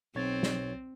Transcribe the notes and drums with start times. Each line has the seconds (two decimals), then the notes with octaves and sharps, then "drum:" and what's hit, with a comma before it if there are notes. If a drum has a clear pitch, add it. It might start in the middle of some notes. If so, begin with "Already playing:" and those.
0.15 B1 C4 C#5 A6
0.43 drum: snare